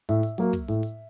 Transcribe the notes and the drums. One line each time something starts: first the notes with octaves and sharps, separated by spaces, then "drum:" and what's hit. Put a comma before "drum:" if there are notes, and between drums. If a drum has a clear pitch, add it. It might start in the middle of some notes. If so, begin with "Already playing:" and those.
A2 E5, drum: hi-hat
drum: hi-hat
F#3 A#3, drum: hi-hat
drum: kick, hi-hat
A2, drum: hi-hat
drum: hi-hat